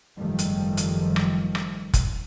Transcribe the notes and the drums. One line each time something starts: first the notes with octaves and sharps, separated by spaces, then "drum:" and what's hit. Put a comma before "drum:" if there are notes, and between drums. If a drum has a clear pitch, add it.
F#1 G#2 D#3 F3 G3 A3
drum: hi-hat
drum: hi-hat
drum: rim click
drum: rim click
drum: kick F1, hi-hat